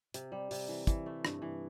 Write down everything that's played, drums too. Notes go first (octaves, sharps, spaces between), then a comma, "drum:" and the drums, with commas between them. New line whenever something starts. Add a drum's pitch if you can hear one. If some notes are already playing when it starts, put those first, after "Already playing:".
C3, drum: hi-hat
G3
C3, drum: open hi-hat
E3
E3, drum: kick, hi-hat
A3
G2, drum: rim click
E3